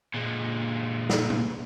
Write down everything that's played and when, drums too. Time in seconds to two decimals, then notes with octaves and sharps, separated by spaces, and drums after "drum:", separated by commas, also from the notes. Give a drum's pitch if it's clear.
0.14 A#2 G#3
1.10 drum: snare
1.30 drum: tom C3